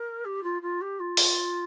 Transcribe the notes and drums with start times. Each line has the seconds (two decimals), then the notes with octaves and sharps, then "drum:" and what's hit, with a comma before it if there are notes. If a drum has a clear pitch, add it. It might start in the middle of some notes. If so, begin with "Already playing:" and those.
Already playing: A#4
0.24 G4
0.43 F4
0.61 F4
0.81 G4
0.99 F4
1.17 drum: open hi-hat